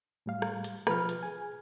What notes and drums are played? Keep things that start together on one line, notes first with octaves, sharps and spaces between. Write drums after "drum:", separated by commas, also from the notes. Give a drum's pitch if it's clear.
A2 G3 F5
drum: rim click
drum: hi-hat
B2 F3 B4 F6, drum: rim click
drum: hi-hat
G#4 G#5